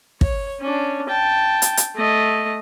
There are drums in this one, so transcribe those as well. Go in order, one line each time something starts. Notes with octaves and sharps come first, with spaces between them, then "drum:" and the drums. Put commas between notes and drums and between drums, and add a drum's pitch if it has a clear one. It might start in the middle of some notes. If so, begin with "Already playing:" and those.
C#5, drum: kick
C#4 D4
G5 A5
drum: hi-hat
drum: hi-hat
A3 D#5